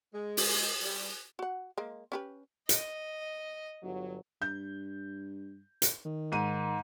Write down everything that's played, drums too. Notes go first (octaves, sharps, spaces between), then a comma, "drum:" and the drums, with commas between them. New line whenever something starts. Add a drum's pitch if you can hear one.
G#3
drum: open hi-hat
G3
F#4 F#5
G#3 A#3
C#4 G4 B4
D#5, drum: hi-hat
G1 F#3
G2 G6
drum: hi-hat
D#3
G#2 D#7